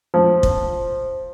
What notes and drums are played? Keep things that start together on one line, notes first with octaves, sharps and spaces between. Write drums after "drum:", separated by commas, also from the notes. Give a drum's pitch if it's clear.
F3
drum: kick